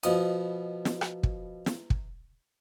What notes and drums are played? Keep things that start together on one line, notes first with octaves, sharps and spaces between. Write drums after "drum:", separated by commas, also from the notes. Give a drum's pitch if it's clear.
B2 F3 D#5, drum: hi-hat
drum: snare
drum: rim click
drum: kick
drum: snare
drum: kick